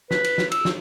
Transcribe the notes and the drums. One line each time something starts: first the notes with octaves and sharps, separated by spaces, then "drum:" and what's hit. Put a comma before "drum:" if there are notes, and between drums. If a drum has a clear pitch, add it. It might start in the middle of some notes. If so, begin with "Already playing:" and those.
B4, drum: snare
drum: cymbal
drum: snare
E6, drum: cymbal
drum: snare